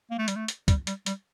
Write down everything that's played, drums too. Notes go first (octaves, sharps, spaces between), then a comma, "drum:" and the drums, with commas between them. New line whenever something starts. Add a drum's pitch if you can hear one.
A#3
A3
G3, drum: hi-hat
A3
drum: hi-hat
G3, drum: kick, hi-hat
G3, drum: hi-hat
G3, drum: hi-hat